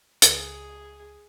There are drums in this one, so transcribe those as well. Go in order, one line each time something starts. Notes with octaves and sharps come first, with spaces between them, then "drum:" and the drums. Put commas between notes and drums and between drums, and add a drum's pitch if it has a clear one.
C#2 G#4, drum: hi-hat